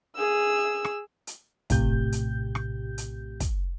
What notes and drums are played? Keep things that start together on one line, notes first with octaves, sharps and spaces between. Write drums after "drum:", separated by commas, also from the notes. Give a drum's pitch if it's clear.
G#4 E6
drum: rim click
drum: hi-hat
A#1 A2 C3 G4 G6, drum: kick, hi-hat
drum: hi-hat
drum: rim click
drum: hi-hat
drum: kick, hi-hat